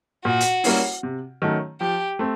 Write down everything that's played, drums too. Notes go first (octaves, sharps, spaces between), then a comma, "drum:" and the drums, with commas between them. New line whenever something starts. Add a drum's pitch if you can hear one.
A#2 F#4
drum: hi-hat
G3 A#3 C#4 E4, drum: open hi-hat
C3
D#3 F#3 A3 C#4
F3 G4
A3 C4